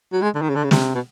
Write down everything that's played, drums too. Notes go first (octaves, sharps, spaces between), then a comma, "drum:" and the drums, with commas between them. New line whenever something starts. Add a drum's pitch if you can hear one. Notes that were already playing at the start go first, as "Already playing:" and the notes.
F#3
G#3
D3
D#3
C#3
D3
C#3
C3, drum: snare
B2